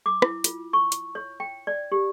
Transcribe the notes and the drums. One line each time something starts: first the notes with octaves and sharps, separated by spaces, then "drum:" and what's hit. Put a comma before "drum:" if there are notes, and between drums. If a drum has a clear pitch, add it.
D6
E4, drum: rim click
F4, drum: hi-hat
C#6
drum: hi-hat
C#5
G5
D5
G4